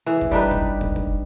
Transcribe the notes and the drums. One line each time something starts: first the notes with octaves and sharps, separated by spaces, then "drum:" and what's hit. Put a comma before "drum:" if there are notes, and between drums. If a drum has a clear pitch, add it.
E3 G#4
drum: kick
G3 D4 D#4 B4
drum: kick
drum: kick
drum: kick